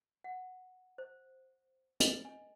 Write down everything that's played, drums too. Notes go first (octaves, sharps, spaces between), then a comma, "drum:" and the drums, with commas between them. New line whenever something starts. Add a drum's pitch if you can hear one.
F#5
C5
D#5, drum: hi-hat
G#5